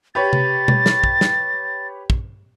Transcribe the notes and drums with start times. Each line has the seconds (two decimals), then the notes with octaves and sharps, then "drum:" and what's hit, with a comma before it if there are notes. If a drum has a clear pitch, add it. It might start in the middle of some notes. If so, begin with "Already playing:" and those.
0.15 G4 B4 C#5 A6
0.33 drum: tom C3
0.68 drum: tom B2
0.86 drum: snare
1.04 drum: kick
1.21 drum: snare
2.10 drum: kick